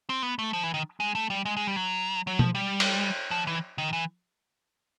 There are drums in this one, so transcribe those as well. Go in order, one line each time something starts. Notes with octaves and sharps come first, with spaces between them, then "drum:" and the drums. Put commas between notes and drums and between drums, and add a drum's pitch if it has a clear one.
C4
B3
A3
F3
E3
D#3
G#3
A3
G3
G#3
G#3
G3
F#3
F#3
F3, drum: tom B2
G3
drum: cymbal
F3
E3
D#3
E3